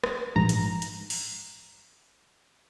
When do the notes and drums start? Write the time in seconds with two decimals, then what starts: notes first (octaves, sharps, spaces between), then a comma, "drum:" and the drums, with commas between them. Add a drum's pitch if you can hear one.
0.04 drum: rim click
0.36 A#1 G#2 A#5
0.49 drum: hi-hat
0.82 drum: hi-hat
1.10 drum: open hi-hat